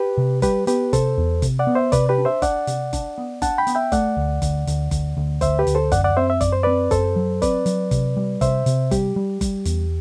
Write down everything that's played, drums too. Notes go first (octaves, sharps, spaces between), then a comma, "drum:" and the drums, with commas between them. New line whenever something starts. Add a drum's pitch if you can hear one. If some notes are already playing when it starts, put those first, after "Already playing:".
Already playing: G4 B4
C3
G3 G4 B4, drum: kick F#1, hi-hat
B3 G4 B4, drum: hi-hat
C3 A4 C5, drum: kick F#1, hi-hat
E2
C3, drum: kick F#1, hi-hat
D5 F#5
B3
C5 E5
C3 B4 D5, drum: kick F#1, hi-hat
G4 B4
D4
C5 E5
D4 D5 F#5, drum: kick F#1, hi-hat
C3, drum: hi-hat
D4, drum: kick F#1, hi-hat
B3
D4 F#5 A5, drum: kick F#1, hi-hat
G5 B5
B3, drum: hi-hat
E5 G5
A3 D5 F#5, drum: kick F#1, hi-hat
D2
D2, drum: kick F#1, hi-hat
D2, drum: hi-hat
D2, drum: kick F#1, hi-hat
D2
D2 C5 E5, drum: kick F#1, hi-hat
G4 B4
D2, drum: hi-hat
A4 C5
F#2 D5 F#5, drum: kick F#1, hi-hat
D5 F#5
C4 C5 E5
E5
F#2 D5, drum: kick F#1, hi-hat
C5
C4 B4 D5
F#2 A4 C5, drum: kick F#1, hi-hat
F#3
C4 B4 D5, drum: kick F#1, hi-hat
F#3, drum: hi-hat
C3, drum: kick F#1, hi-hat
G3
C3 C5 E5, drum: kick F#1, hi-hat
C3, drum: hi-hat
G3 G4, drum: kick F#1, hi-hat
G3
G3, drum: kick F#1, hi-hat
E2, drum: hi-hat